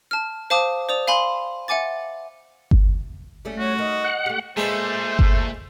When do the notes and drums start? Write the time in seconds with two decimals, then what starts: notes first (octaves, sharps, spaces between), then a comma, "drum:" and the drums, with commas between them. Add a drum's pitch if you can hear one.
0.11 A5 F6
0.50 C5 F5 A5 D6 D#6
0.89 C5 D5 D#6 F7
1.08 F5 G#5 B5 C6
1.68 E5 F#5 G#5 D6 A6
2.71 drum: kick G1
3.45 G3 A3 C#4
3.59 F#4 C#5
3.78 D#3 D#5
4.04 F#5
4.26 A3 G4
4.57 A#2 G#3 A3 D4 B4 C5
5.19 drum: kick G1